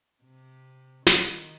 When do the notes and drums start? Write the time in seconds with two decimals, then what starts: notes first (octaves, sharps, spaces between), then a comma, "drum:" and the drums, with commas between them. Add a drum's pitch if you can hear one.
0.23 C3
1.06 D#3, drum: snare